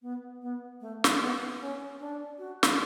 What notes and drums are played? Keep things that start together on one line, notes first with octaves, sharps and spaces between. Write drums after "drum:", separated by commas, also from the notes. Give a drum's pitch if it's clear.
B3
B3
A3
drum: snare
B3
C#4
D4
F#4
drum: snare